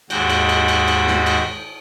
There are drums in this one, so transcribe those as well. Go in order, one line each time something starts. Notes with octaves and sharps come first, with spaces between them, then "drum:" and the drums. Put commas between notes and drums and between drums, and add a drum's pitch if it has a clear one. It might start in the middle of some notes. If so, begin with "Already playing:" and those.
D#2 G#2 F#4 G5, drum: cymbal
drum: cymbal
drum: cymbal
drum: cymbal
drum: cymbal
drum: snare
drum: cymbal